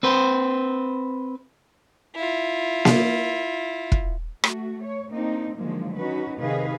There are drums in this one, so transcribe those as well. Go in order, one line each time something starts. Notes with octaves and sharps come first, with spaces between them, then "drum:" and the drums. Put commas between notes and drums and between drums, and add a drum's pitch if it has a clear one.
C4 B4 C5
E4 F4
drum: snare A#3
drum: kick
A3 F#4, drum: rim click
C#5
A#3 C4 D4 D#4
D3 D#3 F3 F#3 G#3 A#3
C#4 D#4 F#4 B4
C3 D#3 G#4 B4 D#5 F5